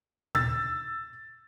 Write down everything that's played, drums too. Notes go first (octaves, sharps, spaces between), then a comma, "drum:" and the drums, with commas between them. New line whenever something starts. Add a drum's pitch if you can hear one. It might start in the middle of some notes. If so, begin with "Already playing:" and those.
E6 A6, drum: tom A#2